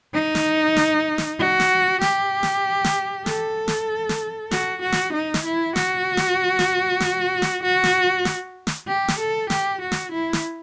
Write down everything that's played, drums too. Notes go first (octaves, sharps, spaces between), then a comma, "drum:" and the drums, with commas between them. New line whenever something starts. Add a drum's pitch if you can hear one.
D#4
drum: snare
drum: snare
drum: snare
F#4
drum: snare
G4, drum: snare
drum: snare
drum: snare
A4, drum: snare
drum: snare
drum: snare
F#4, drum: snare
F#4
drum: snare
D#4
drum: snare
E4
F#4, drum: snare
drum: snare
drum: snare
drum: snare
drum: snare
F#4
drum: snare
drum: snare
drum: snare
G4
drum: snare
A4
G4, drum: snare
F#4
drum: snare
E4
drum: snare